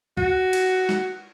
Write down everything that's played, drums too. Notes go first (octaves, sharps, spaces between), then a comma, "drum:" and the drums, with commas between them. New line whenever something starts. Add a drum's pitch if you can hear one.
F#4, drum: kick
drum: cymbal
drum: snare